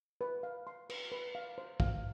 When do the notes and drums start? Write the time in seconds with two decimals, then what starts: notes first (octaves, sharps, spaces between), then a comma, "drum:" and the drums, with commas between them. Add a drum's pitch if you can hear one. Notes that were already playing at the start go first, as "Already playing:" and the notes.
0.21 B4
0.43 F5
0.67 C6
0.90 B4, drum: cymbal
1.12 B4
1.35 F5
1.58 C5
1.80 F5, drum: kick